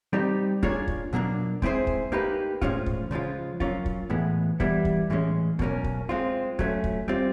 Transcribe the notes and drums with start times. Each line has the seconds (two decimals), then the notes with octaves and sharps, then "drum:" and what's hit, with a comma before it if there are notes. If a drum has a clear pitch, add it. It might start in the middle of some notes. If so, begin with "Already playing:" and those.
0.13 G3 C4 D#4 G4
0.63 A#3 D4 F4 G#4 C#5, drum: kick
0.87 drum: kick
1.13 B2 F#3 A#3 D4
1.62 G#3 C4 E4 G#4 C5, drum: kick
1.87 drum: kick
2.12 A#3 D#4 G4 B4
2.61 A2 F3 G#3 C#4 F4, drum: kick
2.86 drum: kick
3.11 C#3 F3 G#3 C#4 F4
3.60 F#3 A#3 C#4 F4, drum: kick
3.86 drum: kick
4.10 A2 E3 G#3 B3
4.60 E3 G3 B3 E4, drum: kick
4.85 drum: kick
5.10 A2 E3 G#3 C#4
5.59 B2 F#3 A#3 C#4, drum: kick
5.84 drum: kick
6.09 G#3 C4 F4
6.59 F#3 A3 C#4, drum: kick
6.84 drum: kick
7.08 G3 C4 F4